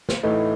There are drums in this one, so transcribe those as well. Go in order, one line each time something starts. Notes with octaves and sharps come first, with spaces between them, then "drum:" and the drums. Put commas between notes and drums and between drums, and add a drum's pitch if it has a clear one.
drum: snare
A2 E3 A3 D#4